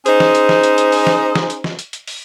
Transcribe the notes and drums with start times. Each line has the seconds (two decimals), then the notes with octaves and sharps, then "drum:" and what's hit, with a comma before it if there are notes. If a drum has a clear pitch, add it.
0.06 C#4 D#4 G#4 C5, drum: hi-hat
0.20 drum: snare
0.35 drum: hi-hat
0.49 drum: snare
0.63 drum: hi-hat
0.78 drum: hi-hat
0.92 drum: open hi-hat
1.07 drum: snare
1.35 drum: snare
1.50 drum: hi-hat
1.64 drum: snare
1.79 drum: hi-hat
1.93 drum: hi-hat
2.07 drum: open hi-hat